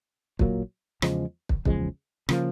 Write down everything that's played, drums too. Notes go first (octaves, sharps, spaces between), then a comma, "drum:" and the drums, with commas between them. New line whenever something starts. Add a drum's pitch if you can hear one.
A#2 F#3 A#3, drum: kick
E2 C#3 F3 G#3, drum: rim click
drum: kick
E2 C#3 F3 G#3, drum: kick
C#3 F3 A#3, drum: rim click